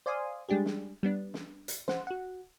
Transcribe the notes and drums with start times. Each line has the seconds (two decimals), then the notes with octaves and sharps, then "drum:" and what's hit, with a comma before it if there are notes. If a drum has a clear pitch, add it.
0.06 C5 D5 F5 G#5 C6 D#6
0.49 G3 G#3 D4 G4 G#4
0.66 drum: snare
1.03 G3 B3 D4
1.34 drum: snare
1.68 drum: hi-hat
1.88 C5 F#5, drum: snare
2.07 F#4 F#5